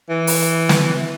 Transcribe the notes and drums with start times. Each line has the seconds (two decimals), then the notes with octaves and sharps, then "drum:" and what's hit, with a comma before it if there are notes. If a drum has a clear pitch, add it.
0.10 E3
0.27 drum: open hi-hat
0.69 drum: snare